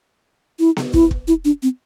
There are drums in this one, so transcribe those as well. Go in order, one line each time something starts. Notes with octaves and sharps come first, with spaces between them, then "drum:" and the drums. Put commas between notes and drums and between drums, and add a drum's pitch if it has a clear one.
E4
drum: snare B3
E4, drum: kick
drum: kick
E4
D4
C4